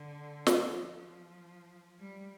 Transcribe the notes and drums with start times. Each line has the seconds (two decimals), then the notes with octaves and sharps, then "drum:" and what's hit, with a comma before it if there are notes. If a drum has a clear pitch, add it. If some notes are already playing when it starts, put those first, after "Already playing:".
Already playing: D3
0.47 D#3, drum: snare
0.76 F3
1.99 G3